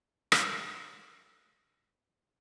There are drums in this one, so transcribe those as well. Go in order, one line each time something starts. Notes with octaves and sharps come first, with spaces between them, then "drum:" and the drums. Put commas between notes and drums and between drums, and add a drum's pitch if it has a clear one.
drum: rim click
D#3 F#3